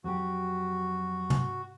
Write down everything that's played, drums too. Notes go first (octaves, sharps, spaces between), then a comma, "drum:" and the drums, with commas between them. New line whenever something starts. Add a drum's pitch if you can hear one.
F2 F#3 F#4 G4
drum: tom